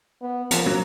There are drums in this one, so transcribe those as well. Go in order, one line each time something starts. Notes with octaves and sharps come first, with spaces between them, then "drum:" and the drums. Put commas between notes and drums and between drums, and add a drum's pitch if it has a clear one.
B3
F3 A#3, drum: hi-hat
F#3